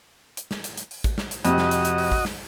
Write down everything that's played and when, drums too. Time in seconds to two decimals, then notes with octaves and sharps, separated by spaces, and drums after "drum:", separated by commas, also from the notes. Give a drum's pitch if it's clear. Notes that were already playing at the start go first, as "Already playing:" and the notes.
0.37 drum: hi-hat
0.51 drum: snare
0.64 drum: hi-hat
0.78 drum: hi-hat
0.91 drum: open hi-hat
1.04 drum: kick A1, hi-hat
1.18 drum: snare
1.31 drum: hi-hat
1.45 F2 C3 F#4 D#5, drum: hi-hat
1.58 drum: snare
1.71 drum: hi-hat
1.85 drum: hi-hat
1.98 drum: open hi-hat
2.12 drum: kick A1
2.25 drum: snare